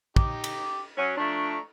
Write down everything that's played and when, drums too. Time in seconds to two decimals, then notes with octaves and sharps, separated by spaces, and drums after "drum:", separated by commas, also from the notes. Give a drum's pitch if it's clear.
0.16 D#4 G4 D6, drum: kick
0.44 drum: cymbal
0.97 F#3 C#4
1.18 F3 A3 D4 A#5 C#6